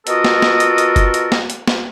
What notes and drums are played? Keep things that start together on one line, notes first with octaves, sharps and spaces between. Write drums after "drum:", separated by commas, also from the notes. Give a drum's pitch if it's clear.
B3 F4 F#4 A4 A#4 D#5, drum: hi-hat
drum: snare
drum: snare
drum: hi-hat
drum: hi-hat
drum: kick F#1, hi-hat
drum: hi-hat
drum: snare
drum: hi-hat
drum: snare